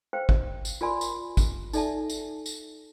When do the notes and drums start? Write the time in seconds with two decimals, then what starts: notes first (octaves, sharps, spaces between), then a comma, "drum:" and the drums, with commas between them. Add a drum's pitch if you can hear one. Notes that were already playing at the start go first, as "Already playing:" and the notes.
0.13 B4 C5 F5 G5
0.29 drum: kick
0.65 drum: tambourine
0.81 F4 A#4 D5 G#5 B5 C6
1.01 drum: tambourine
1.37 drum: kick, tambourine
1.73 D#4 A4 D5 E5 G#5 A5, drum: tambourine
2.10 drum: tambourine
2.46 drum: tambourine